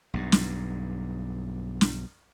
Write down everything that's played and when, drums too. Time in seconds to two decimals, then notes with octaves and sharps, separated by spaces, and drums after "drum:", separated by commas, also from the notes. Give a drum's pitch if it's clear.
0.14 B1 G2
0.32 drum: snare
1.81 drum: snare